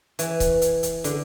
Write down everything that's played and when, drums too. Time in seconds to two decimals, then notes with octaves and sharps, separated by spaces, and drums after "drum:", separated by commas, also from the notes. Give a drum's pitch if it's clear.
0.19 E3, drum: hi-hat
0.40 drum: kick C#1, hi-hat
0.62 drum: hi-hat
0.83 drum: hi-hat
1.04 D3, drum: hi-hat